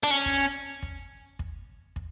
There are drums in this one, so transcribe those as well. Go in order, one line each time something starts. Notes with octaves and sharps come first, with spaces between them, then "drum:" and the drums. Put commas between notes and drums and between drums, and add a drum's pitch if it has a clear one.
D4
C#4
drum: kick
drum: kick
drum: kick
drum: kick